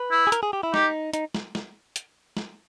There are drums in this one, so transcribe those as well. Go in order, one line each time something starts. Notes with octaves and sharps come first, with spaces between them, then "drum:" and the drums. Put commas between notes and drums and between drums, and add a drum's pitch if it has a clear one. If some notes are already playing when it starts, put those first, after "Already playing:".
Already playing: B4
E4
G#4
A#4, drum: hi-hat
G#4
G4
E4
D#4 G4, drum: snare
D#4, drum: hi-hat
drum: snare
drum: snare
drum: hi-hat
drum: snare